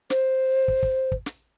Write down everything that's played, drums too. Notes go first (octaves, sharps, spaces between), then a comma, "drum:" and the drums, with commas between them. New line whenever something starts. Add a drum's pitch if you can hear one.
C5, drum: snare
drum: kick
drum: kick
drum: kick
drum: snare